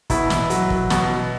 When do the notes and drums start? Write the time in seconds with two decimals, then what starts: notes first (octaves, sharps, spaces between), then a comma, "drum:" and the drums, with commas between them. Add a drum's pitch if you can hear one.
0.10 B2 E4, drum: kick, hi-hat
0.30 drum: snare
0.50 F#3, drum: hi-hat
0.70 drum: kick
0.90 B2, drum: snare